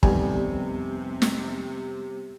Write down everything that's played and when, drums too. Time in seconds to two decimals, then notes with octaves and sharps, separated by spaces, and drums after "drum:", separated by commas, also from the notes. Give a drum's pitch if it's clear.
0.03 F1 C3 D#3 G3 B3 G#5, drum: kick
1.22 drum: snare